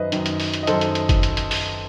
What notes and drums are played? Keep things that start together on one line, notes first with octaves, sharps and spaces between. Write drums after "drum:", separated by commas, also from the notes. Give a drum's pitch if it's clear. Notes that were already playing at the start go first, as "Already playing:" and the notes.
Already playing: F#2 D#3 B4 C5 D#5 E5
F#2 D#3, drum: hi-hat
drum: hi-hat
drum: open hi-hat
drum: hi-hat
D#5
F#2 D#3 A4 C5, drum: hi-hat
drum: hi-hat
drum: hi-hat
drum: kick, hi-hat
drum: hi-hat
drum: hi-hat
drum: open hi-hat